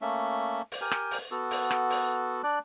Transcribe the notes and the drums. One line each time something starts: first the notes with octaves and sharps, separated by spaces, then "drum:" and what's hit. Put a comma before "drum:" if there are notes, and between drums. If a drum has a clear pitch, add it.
A3 A#3 C#4 E5
drum: open hi-hat
G4 A#4 G5 G#5
drum: rim click
drum: open hi-hat
B3 F#4 A4
drum: open hi-hat
drum: rim click
drum: open hi-hat
D4 D5 F#6